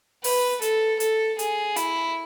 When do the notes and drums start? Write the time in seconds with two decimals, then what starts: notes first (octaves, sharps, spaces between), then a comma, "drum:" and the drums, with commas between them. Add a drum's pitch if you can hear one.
0.24 B4, drum: open hi-hat
0.62 A4, drum: hi-hat
1.00 A4, drum: hi-hat
1.39 G#4, drum: hi-hat
1.76 E4, drum: hi-hat